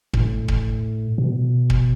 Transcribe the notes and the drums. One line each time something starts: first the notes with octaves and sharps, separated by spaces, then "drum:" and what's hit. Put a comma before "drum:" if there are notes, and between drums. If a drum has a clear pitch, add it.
A2, drum: kick
drum: kick
B2
drum: kick